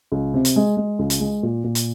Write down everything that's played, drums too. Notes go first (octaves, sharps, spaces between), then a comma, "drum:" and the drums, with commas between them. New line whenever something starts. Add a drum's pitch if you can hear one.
C#2
C3
drum: hi-hat
G#3
G#3
C#2
drum: hi-hat
G#3
A#2
A#2
drum: hi-hat